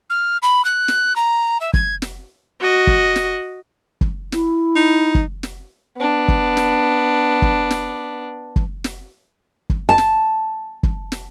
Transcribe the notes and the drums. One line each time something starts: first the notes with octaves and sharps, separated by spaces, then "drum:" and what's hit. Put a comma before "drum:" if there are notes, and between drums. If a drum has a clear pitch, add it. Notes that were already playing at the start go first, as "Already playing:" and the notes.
F6
B5
F#6
drum: snare
A#5
E5
G#6, drum: kick
drum: snare
F#4 D#5
drum: kick
drum: snare
drum: kick
E4, drum: snare
D#4
drum: kick
drum: snare
B3 D4
drum: kick
drum: snare
drum: kick
drum: snare
drum: kick
drum: snare
drum: kick
A5
drum: snare
drum: kick
drum: snare